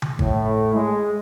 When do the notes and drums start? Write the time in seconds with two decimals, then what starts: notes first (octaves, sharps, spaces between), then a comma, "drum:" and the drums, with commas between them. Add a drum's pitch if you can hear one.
0.02 drum: tom C#3
0.19 A2, drum: kick G#1
0.75 G#3